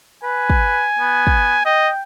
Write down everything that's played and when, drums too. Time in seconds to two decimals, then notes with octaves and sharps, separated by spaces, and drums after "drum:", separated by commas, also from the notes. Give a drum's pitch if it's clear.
0.23 B4 G#5
0.50 drum: kick
0.99 B3
1.27 drum: kick
1.65 D#5 G5